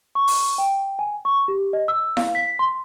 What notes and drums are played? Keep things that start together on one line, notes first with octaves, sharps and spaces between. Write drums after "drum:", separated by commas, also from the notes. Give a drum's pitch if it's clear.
C#6
drum: open hi-hat
G5
G#5
C#6
G4
D#5
E6
F5, drum: snare E4
B6
C6